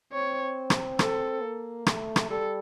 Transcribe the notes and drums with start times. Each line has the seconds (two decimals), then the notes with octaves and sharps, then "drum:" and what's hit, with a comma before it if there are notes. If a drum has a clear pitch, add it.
0.12 C4 C#5
0.70 drum: rim click
0.99 A4, drum: rim click
1.42 A#3
1.86 A3, drum: rim click
2.16 drum: rim click
2.30 G3 A4